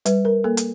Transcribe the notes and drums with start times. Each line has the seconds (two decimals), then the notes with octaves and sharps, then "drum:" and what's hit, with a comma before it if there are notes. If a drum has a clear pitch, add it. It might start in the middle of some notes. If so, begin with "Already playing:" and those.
0.06 G3 B4, drum: hi-hat
0.25 A#4
0.44 A#3 A4
0.57 drum: hi-hat